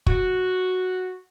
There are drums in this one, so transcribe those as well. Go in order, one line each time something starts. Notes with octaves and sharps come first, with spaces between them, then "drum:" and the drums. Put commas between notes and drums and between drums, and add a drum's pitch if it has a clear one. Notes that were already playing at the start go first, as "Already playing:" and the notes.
F#4, drum: kick